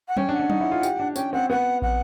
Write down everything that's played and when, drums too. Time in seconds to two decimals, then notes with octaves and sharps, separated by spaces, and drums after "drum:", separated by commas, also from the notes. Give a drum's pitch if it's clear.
0.08 F#5
0.17 C#4 G5, drum: tom F#3
0.29 D4
0.34 F#5
0.39 D4
0.50 D#4, drum: tom F#3
0.61 E4
0.72 F4
0.83 G4, drum: tambourine
1.00 D4
1.16 C#4 G5, drum: tambourine
1.33 C4 F#5
1.50 B3 F#5
1.82 F#5, drum: kick